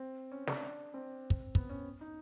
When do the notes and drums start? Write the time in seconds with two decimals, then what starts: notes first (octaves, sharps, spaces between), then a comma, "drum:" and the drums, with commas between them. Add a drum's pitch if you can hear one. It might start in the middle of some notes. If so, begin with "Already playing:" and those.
Already playing: C4
0.32 C#4
0.47 D4, drum: snare
0.94 C4
1.30 drum: kick
1.55 B3, drum: kick
1.69 C#4
2.01 D#4